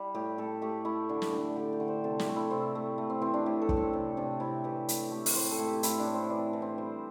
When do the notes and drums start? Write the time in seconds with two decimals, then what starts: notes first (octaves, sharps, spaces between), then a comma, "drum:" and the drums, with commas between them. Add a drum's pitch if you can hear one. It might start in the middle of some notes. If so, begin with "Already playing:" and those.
Already playing: G3 E4
0.15 A2 G4
0.38 A2 A4
0.62 A3 G4
0.85 A3 E4
1.09 D3 D4
1.22 drum: snare
1.32 A3 D4
1.56 D3 G4
1.73 G4
1.80 D3
1.88 C5
2.04 C3 A4
2.19 G4, drum: snare
2.28 A3
2.36 E4
2.51 C3 C4
2.75 A3
2.98 A3
3.10 C4
3.21 E3 C4
3.34 D4
3.46 A2 G4
3.62 A4
3.69 A2, drum: kick
3.77 C4
3.93 C3
4.17 C3 D4
4.40 C3 E4
4.64 E3 G4
4.89 A2, drum: hi-hat
5.11 A3 G4
5.26 drum: open hi-hat
5.35 A2 C5
5.51 A4
5.59 A2
5.67 G4
5.83 A2 E4, drum: hi-hat
5.99 D4
6.07 A2
6.14 C4
6.30 E3 D4
6.53 E3
6.62 C4
6.78 G3 C5